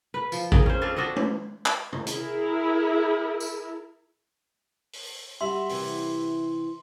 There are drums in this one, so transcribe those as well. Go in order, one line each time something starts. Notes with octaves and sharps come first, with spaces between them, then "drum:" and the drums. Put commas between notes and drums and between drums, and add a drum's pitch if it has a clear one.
B4
F3, drum: tambourine
D#3 G#4, drum: kick A1
C#4 C5
C4 D4 F4 A4
D4 F#4 A4 D#5
drum: tom G#3
drum: clap
drum: tom
E4 G#4 A#4, drum: hi-hat
drum: tambourine
drum: open hi-hat
G3 F#4 E5 C6
C3 E3, drum: open hi-hat